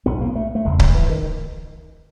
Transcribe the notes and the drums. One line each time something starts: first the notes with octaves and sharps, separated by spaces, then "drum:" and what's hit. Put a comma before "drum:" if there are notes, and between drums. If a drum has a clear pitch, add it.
B1 A2 B3
A#3
A3
A3
F1 E2 C#3 G#3
F#3, drum: kick C#1
D#3
E3
D#3